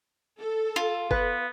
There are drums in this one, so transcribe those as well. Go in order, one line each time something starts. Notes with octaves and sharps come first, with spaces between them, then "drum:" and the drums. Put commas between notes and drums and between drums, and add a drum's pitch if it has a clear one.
A4
F4
B3 B4, drum: kick